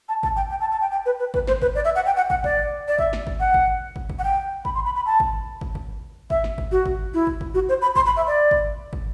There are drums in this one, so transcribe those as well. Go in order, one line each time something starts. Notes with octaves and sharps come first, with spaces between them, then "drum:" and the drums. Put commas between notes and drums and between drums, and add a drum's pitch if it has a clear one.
A5
A5, drum: kick
G5
G5
A5
A5
G5
G5
B4
B4
B4, drum: kick
C5, drum: snare
B4, drum: kick
D5
E5
F#5
G5
F#5
F#5, drum: kick
D5, drum: kick
D5
E5, drum: kick
drum: snare
drum: kick
F#5
drum: kick
drum: kick
drum: kick
F#5
G5
B5, drum: kick
C6
B5
B5
A5
drum: kick
drum: kick
drum: kick
E5, drum: kick
drum: snare
drum: kick
F#4
drum: kick
E4
drum: kick
drum: kick
F#4
C5
B5
C6, drum: kick
B5
E5
D5
drum: kick
drum: kick